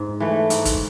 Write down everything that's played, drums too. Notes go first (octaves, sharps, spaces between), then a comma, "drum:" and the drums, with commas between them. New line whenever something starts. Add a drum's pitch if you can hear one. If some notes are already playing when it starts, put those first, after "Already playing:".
Already playing: G#2
E3 A3
G#2, drum: hi-hat
drum: kick, hi-hat